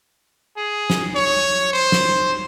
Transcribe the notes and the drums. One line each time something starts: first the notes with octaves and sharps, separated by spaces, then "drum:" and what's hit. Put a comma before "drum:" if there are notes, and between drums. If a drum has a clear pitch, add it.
G#4
drum: snare
C#5
C5
drum: snare